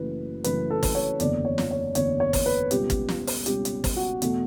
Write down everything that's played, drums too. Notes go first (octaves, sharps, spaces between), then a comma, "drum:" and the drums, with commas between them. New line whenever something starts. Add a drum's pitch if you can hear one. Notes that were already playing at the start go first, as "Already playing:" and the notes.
Already playing: F#1 F#2 C#3 E3 A3 B4
F#1 F#2 C#3 E3 A3 B4, drum: hi-hat
A4
drum: kick, open hi-hat
C#5
F#1 E2 D3 D5, drum: hi-hat
C#5
drum: snare
C#5
F#1 E2 D3 C#5, drum: hi-hat
C#5
drum: kick, open hi-hat
B4
C#2 B2 G3 G4, drum: hi-hat
drum: kick, hi-hat
drum: snare
drum: open hi-hat
C#2 B2 G3 G4, drum: hi-hat
drum: hi-hat
drum: kick, open hi-hat
F#4
E2 B2 A3, drum: hi-hat